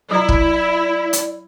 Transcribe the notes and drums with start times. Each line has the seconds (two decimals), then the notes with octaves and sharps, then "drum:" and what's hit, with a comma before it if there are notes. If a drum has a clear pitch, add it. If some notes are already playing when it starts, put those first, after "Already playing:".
0.11 F#3 E4 D5 A#5
0.29 drum: kick
1.13 drum: hi-hat